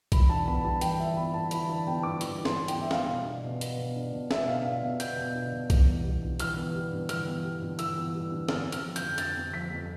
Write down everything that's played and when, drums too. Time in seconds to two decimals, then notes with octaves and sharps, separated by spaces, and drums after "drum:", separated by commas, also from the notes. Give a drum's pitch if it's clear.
0.12 E3 B5, drum: kick B1, hi-hat
0.29 D4 A5
0.47 B3 B5
0.64 G2 A5
0.81 E3 G5, drum: hi-hat
0.99 D4 E5
1.17 B3 B5
1.34 G2 A5
1.51 E3 B5, drum: hi-hat
1.69 D4 A5
1.87 B3 G5
2.03 G2 D6
2.21 E3 D6, drum: hi-hat
2.39 D4
2.45 C6, drum: snare
2.57 B3
2.68 G5, drum: hi-hat
2.74 G2
2.82 E5
2.91 B3 F5, drum: snare
3.08 B2
3.26 D4
3.44 B2
3.61 B3, drum: hi-hat
3.78 B2
3.96 D4
4.13 B2
4.31 B3 E5, drum: snare
4.47 B2 F5
4.65 D4 F5
4.83 B2
5.00 B3 G6, drum: hi-hat
5.18 B2
5.35 D4
5.53 B2
5.70 E3, drum: kick B1, hi-hat
5.87 B3
6.04 G3
6.23 G2
6.40 E3 F6, drum: hi-hat
6.57 B3
6.75 G3
6.93 G2
7.09 E3 F6, drum: hi-hat
7.27 B3
7.44 G3
7.61 G2
7.79 E3 E6, drum: hi-hat
7.97 B3
8.15 G3
8.32 G2
8.48 D3 F6, drum: snare
8.66 C4
8.72 F6, drum: hi-hat
8.84 F3
8.96 G6, drum: hi-hat
9.01 F2
9.18 D3 A6, drum: hi-hat
9.37 C4
9.53 F3 B6
9.70 F2